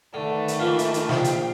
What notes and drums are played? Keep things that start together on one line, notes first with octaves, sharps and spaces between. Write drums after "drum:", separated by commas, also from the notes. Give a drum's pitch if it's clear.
D3 D#3 A3 B4
drum: hi-hat
E3 A#3 F4
drum: hi-hat
drum: hi-hat
A#1 F5 G5, drum: snare
drum: hi-hat